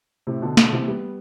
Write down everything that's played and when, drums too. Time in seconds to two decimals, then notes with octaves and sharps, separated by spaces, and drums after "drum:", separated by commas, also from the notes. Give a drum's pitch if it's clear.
0.27 A2 C3
0.42 B2 D3
0.57 B2 D3, drum: snare
0.72 C3 E3
0.88 G3 B3